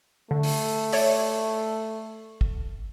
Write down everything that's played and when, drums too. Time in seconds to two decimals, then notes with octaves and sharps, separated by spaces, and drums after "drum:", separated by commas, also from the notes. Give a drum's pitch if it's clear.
0.31 D3 A3
0.43 drum: open hi-hat
0.92 C#5 D5 E5, drum: open hi-hat
2.41 drum: kick